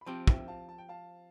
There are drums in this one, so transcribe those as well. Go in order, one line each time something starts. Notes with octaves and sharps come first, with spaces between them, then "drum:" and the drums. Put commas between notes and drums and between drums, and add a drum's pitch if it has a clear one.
B5
F3 C4 G4 A5 C6
E5 G5, drum: kick
F5 A5
A5
G5
F5 A5